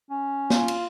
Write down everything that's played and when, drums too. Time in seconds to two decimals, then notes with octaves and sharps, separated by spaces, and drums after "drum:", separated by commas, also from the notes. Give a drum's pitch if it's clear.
0.10 C#4
0.50 F4, drum: snare
0.68 drum: cymbal